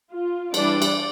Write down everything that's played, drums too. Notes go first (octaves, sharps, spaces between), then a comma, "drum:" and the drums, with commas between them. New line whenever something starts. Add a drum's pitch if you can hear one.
F4
E3 G3 D4 D5, drum: cymbal
drum: cymbal